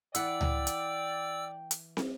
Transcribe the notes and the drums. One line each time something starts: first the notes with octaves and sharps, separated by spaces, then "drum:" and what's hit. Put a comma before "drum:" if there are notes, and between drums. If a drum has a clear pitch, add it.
E3 D5 F#5 G5 E6, drum: hi-hat
drum: tom C#2
drum: hi-hat
drum: hi-hat
drum: snare